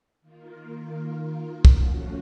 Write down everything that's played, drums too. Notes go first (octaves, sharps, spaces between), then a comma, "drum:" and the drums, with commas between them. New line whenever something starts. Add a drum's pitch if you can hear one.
D#3 A#3 F4 A#4
F3 A3 C#4 F#4, drum: kick